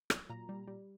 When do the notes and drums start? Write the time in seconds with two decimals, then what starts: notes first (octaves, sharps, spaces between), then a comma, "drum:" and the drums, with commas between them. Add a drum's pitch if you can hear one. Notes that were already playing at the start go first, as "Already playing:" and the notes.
0.10 F#3, drum: rim click
0.30 A#2 A#5
0.49 G3
0.67 G3